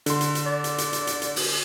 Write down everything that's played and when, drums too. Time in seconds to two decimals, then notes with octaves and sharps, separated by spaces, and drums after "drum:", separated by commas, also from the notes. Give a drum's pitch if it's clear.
0.06 D3 C6, drum: hi-hat
0.21 drum: hi-hat
0.35 drum: hi-hat
0.46 D5
0.64 drum: hi-hat
0.78 drum: hi-hat
0.93 drum: hi-hat
1.07 drum: hi-hat
1.22 drum: hi-hat
1.36 drum: open hi-hat